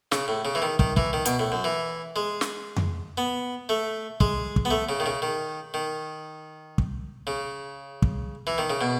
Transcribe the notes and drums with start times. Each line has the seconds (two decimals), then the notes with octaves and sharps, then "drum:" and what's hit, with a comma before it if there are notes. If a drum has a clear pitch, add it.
0.12 C#3, drum: snare
0.28 A2
0.45 C#3
0.55 E3
0.62 D#3
0.79 D#3, drum: kick
0.97 E3, drum: kick
1.13 D#3
1.25 B2, drum: hi-hat
1.39 A2
1.52 F#2
1.64 E3
2.16 G#3
2.41 drum: snare
2.76 drum: tom F2
3.18 B3
3.69 A3
4.20 G#3, drum: kick
4.56 drum: kick
4.65 B3
4.71 A3
4.89 C#3
5.00 D#3
5.06 C#3
5.22 D#3
5.74 D#3
6.78 drum: kick
7.27 C#3
8.02 drum: kick
8.47 E3
8.58 D#3
8.70 C#3
8.81 B2